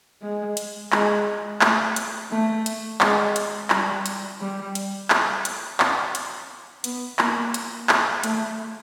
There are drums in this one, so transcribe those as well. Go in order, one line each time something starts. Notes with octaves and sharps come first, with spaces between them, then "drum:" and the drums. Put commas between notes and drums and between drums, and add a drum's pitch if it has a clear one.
G#3
drum: hi-hat
G#3, drum: clap
A3, drum: clap
drum: hi-hat
A3
drum: hi-hat
G#3, drum: clap
drum: hi-hat
G3, drum: clap
drum: hi-hat
G3
drum: hi-hat
drum: clap
drum: hi-hat
drum: clap
drum: hi-hat
B3, drum: hi-hat
A#3, drum: clap
drum: hi-hat
drum: clap
A3, drum: hi-hat